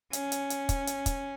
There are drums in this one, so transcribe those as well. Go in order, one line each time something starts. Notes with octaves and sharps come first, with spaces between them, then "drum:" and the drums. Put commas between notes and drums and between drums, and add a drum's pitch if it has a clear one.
C#4, drum: hi-hat
drum: hi-hat
drum: hi-hat
drum: kick, hi-hat
drum: hi-hat
drum: kick, hi-hat